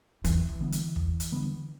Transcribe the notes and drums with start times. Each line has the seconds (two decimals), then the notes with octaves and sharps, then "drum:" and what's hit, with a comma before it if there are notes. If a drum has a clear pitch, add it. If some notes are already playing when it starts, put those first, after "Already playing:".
0.24 E2 E3, drum: hi-hat
0.49 drum: kick
0.61 D3 G3 B3
0.72 drum: hi-hat
0.96 E2, drum: kick
1.20 drum: hi-hat
1.32 D3 G3 B3